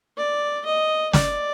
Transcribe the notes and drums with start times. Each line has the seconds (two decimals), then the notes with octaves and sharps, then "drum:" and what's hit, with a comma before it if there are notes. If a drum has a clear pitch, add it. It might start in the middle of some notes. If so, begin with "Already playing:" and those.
0.17 D5
0.66 D#5
1.13 D5, drum: snare